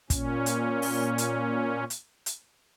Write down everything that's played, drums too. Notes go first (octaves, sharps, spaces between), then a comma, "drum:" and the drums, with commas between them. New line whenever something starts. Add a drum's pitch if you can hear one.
A#2 C#4, drum: kick, hi-hat
drum: hi-hat
drum: open hi-hat
drum: hi-hat
drum: hi-hat
drum: hi-hat